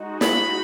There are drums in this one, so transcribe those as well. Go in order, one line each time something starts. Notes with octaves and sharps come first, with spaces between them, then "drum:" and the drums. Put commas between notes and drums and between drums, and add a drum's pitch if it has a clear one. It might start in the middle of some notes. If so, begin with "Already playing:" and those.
Already playing: G#3 D#4 F#4
B5, drum: snare